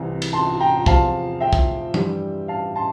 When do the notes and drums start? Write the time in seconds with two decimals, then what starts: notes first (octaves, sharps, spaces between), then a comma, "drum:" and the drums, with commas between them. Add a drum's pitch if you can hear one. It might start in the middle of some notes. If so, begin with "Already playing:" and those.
Already playing: C2 C3 E3
0.22 drum: cymbal
0.33 A5 C6
0.60 G5 A#5
0.86 E2 C3 F3 F5 A5, drum: kick
1.41 E5 G5
1.53 drum: kick
1.94 G2 E3 G3, drum: tom F3
2.48 F5 A5
2.76 A5 C6